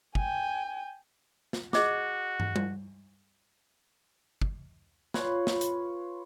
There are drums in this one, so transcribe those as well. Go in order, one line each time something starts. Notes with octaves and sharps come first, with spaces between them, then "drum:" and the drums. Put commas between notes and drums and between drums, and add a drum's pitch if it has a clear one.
G5 G#5, drum: kick
drum: snare
F#4 G#4 D#5 D6, drum: snare
drum: tom
drum: tom G3
drum: kick
F4 B4 C#5, drum: snare
drum: snare
drum: hi-hat